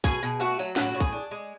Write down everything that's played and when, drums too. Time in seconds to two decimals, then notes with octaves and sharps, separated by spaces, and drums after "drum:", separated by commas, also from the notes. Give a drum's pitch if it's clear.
0.04 B2 G#4 G#5, drum: kick
0.23 B2
0.40 A3 F#4 F#5
0.59 F#3
0.76 A2 F#4 F#5, drum: snare
0.95 A2
1.00 G#4 G#5, drum: kick
1.12 D4
1.31 G#3